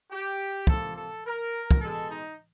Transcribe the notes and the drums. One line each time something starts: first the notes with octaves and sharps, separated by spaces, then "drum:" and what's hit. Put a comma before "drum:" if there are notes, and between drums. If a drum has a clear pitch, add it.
G4
C3 F3 A#3 A4, drum: kick
A4
A#4
drum: kick
B2 G#3 A4
D#4